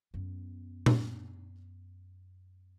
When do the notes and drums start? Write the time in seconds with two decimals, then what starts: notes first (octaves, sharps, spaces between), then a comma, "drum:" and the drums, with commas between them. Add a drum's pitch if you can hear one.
0.14 F#2 B3
0.86 drum: tom A#2